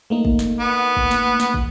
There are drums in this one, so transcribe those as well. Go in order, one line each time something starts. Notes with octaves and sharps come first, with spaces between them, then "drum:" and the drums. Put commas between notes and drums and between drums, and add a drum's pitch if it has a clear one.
A3 A#3 D#4
drum: kick
drum: snare
B3
drum: kick
drum: snare
drum: snare
drum: kick